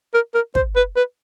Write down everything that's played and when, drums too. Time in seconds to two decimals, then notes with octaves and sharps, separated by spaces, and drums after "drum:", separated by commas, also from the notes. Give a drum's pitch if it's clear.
0.14 A#4
0.34 A#4
0.55 C5, drum: kick
0.76 B4
0.96 B4